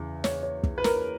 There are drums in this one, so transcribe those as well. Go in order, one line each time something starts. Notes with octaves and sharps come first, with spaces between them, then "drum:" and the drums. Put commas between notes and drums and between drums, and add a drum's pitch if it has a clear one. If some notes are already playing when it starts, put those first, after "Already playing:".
Already playing: E2 C#3
C#5, drum: snare
C#5
drum: kick
B4
A#4, drum: snare